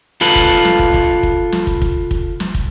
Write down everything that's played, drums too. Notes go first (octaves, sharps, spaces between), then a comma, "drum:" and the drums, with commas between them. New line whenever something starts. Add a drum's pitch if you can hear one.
F4 A4 B4
drum: kick
drum: snare
drum: kick
drum: kick
drum: kick
drum: snare
drum: kick
drum: kick
drum: kick
drum: snare
drum: kick